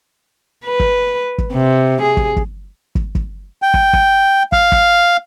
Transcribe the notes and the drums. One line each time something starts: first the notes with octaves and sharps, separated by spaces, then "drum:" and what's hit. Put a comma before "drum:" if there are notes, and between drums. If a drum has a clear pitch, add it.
B4
drum: kick
drum: kick
C3
G#4
drum: kick
drum: kick
drum: kick
drum: kick
G5
drum: kick
drum: kick
F5, drum: kick
drum: kick